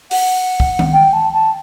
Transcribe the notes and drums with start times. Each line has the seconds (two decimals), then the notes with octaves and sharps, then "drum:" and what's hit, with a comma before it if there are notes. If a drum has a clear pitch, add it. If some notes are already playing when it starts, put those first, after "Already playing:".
0.11 F#5, drum: open hi-hat
0.60 drum: kick
0.79 drum: tom D#3
0.92 G5
1.13 A5
1.33 A5